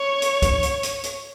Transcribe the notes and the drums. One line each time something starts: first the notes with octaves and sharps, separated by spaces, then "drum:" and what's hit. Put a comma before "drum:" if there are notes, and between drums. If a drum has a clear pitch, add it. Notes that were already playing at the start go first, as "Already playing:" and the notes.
Already playing: C#5
drum: hi-hat
drum: kick, hi-hat
drum: hi-hat
drum: hi-hat
drum: hi-hat